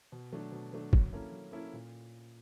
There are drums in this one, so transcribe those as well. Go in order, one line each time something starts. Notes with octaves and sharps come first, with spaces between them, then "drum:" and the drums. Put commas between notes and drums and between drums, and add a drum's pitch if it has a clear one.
B2
F#3 A3 D4
B2
F#3 A3 D4
F#3, drum: kick
A#3 C#4 E4 A4
F#3
A#3 C#4 E4 A4
A#2